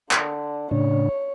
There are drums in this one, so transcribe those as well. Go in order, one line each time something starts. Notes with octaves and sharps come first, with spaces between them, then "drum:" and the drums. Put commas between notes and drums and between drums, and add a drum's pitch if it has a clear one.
D3, drum: clap
A2 C#3 D4 C#5